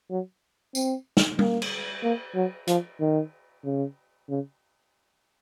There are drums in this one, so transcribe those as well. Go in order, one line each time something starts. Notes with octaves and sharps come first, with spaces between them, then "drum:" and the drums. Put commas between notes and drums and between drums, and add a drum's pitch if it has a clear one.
F#3
C4, drum: tambourine
drum: snare
A#3, drum: tom G3
drum: cymbal
A#3
F#3
F3, drum: hi-hat
D#3
C#3
C#3